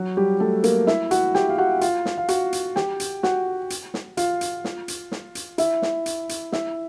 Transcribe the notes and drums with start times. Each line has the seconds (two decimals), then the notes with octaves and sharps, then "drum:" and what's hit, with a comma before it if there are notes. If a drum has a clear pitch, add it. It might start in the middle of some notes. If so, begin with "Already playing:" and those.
Already playing: F#3 F#4
0.17 G3 G4
0.40 A3 A4
0.64 A#3 A#4, drum: hi-hat
0.87 E4 E5, drum: snare
1.11 F#4 F#5, drum: hi-hat
1.35 G4 G5, drum: snare
1.49 F5
1.58 F#4 F#5
1.81 F4 F5, drum: hi-hat
2.05 drum: snare
2.18 F5
2.28 F#4 F#5, drum: hi-hat
2.53 drum: hi-hat
2.76 G4 G5, drum: snare
3.00 drum: hi-hat
3.23 F#4 F#5, drum: snare
3.70 drum: hi-hat
3.94 drum: snare
4.17 F4 F5, drum: hi-hat
4.41 drum: hi-hat
4.64 drum: snare
4.88 drum: hi-hat
5.12 drum: snare
5.35 drum: hi-hat
5.58 E4 E5, drum: hi-hat
5.82 drum: snare
6.06 drum: hi-hat
6.29 drum: hi-hat
6.52 E4 E5, drum: snare